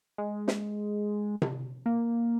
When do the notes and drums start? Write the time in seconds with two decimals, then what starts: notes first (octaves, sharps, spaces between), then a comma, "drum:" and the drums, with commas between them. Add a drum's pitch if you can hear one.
0.18 G#3
0.48 drum: snare
1.42 drum: tom C3
1.86 A#3